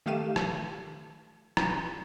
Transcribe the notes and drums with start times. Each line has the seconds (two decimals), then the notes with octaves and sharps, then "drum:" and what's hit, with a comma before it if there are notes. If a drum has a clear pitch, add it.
0.06 D#3 A3 G4 F5 D#7 E7
0.36 drum: rim click
1.57 drum: rim click